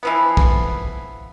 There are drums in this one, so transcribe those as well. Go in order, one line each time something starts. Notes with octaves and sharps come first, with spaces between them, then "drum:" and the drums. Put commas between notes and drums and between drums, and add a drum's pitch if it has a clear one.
E3 F3 B3
drum: kick